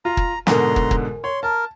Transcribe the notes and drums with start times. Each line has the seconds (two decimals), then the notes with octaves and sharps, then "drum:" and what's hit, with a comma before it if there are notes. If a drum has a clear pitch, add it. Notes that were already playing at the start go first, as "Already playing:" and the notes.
0.05 F4 A#5
0.17 drum: kick
0.47 G#2 B2 D3 A#4 G#5 A#5 C6, drum: snare
0.76 drum: kick
0.91 drum: kick
1.24 C#5 C6
1.43 A#4 A5